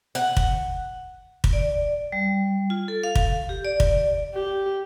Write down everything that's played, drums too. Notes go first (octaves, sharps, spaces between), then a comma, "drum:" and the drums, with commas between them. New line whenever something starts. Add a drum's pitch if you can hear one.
F#5
drum: kick
drum: kick
D5
G3
F4
A4
F5
drum: kick
G4
D5
drum: kick
G4